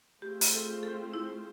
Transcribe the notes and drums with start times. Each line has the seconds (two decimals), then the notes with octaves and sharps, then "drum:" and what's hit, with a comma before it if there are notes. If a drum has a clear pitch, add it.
0.22 A3 C4 F4 G4 G#4 C5
0.41 drum: open hi-hat
0.54 A4
0.83 A4
1.14 E4